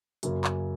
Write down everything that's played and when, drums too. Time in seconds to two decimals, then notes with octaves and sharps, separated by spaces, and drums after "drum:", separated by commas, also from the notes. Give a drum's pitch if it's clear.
0.23 F#2 C#3 A#3, drum: hi-hat
0.44 drum: clap